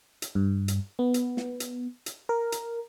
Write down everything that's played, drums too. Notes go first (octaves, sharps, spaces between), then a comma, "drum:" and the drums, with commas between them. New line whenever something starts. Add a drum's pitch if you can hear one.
drum: hi-hat
G2
drum: hi-hat
B3
drum: hi-hat
drum: snare
drum: hi-hat
drum: hi-hat
A#4
drum: hi-hat